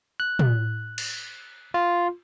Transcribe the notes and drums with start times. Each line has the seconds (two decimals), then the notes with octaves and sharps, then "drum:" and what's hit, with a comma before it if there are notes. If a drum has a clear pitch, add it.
0.20 F#6
0.39 drum: tom
0.98 drum: cymbal
1.74 F4